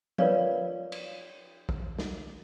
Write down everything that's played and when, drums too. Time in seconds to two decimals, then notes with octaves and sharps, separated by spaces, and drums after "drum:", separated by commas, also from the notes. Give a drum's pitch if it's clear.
0.18 F4 A#4 B4 C#5 D5 F5, drum: tom F3
0.92 drum: cymbal
1.69 drum: kick
1.99 drum: snare